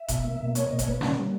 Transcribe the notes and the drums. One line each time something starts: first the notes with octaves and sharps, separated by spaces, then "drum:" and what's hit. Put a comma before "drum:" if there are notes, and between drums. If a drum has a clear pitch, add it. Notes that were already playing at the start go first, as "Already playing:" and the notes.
Already playing: E5
B2, drum: kick F1, hi-hat
A#3
B2
A#3 C#5, drum: hi-hat
B2 D#5
C#5, drum: kick F1, hi-hat
A#3 B4
A#3 C#4, drum: snare
G3